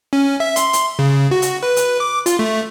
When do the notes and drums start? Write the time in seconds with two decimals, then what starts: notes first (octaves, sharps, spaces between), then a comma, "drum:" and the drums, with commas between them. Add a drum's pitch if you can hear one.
0.13 C#4
0.40 E5
0.56 C6, drum: hi-hat
0.73 drum: hi-hat
0.99 C#3
1.31 F#4
1.42 drum: hi-hat
1.63 B4
1.76 drum: hi-hat
2.00 D6
2.26 F4, drum: hi-hat
2.39 A3